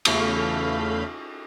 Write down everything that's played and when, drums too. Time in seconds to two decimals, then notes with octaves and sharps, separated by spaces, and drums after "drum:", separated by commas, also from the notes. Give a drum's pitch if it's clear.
0.05 E2 C#3 A3 F5 B5 G6, drum: cymbal